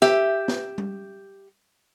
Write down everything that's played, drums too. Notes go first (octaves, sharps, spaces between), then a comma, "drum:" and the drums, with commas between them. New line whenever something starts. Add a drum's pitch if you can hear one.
G4 E5, drum: snare
drum: snare
drum: tom G3